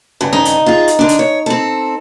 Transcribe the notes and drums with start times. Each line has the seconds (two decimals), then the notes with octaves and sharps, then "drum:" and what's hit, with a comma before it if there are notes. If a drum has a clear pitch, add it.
0.21 G2 C#3
0.33 D#4
0.45 drum: hi-hat
0.66 F4 G#4
0.88 drum: hi-hat
0.99 D3 D4
1.09 drum: hi-hat
1.19 C#5
1.46 C4 A4